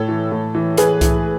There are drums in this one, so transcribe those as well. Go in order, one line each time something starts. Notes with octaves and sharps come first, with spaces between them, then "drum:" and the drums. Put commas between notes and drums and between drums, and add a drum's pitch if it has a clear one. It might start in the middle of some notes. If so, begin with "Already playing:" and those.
Already playing: A2 A4 C#5
E3
A2
E3
E3 G#4 B4, drum: hi-hat
E3, drum: kick C2, hi-hat